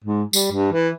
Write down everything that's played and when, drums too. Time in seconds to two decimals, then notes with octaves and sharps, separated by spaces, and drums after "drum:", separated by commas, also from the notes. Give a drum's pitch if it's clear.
0.04 G#2
0.33 G3, drum: tambourine
0.52 G2
0.72 E3